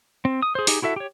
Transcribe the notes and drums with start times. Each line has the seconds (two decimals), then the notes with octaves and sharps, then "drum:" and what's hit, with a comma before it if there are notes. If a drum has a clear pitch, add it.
0.25 C4
0.42 D#6
0.55 G#4 C5
0.67 D#4 G4 G#4, drum: open hi-hat
0.82 E4 F#4 A4 E5
0.96 G4 C#5